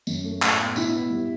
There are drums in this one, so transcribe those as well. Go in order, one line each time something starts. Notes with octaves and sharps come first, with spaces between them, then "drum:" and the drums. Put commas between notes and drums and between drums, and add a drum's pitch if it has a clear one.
F#2, drum: tambourine
A3
A2, drum: clap
B3
B2 E4 E5, drum: tambourine
B3
G2